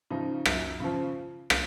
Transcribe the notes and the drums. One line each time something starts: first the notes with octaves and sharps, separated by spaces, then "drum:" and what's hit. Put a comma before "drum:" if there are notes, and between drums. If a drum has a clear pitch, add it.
C#3 F3 D#4
F#2, drum: rim click
C#3 F3
drum: rim click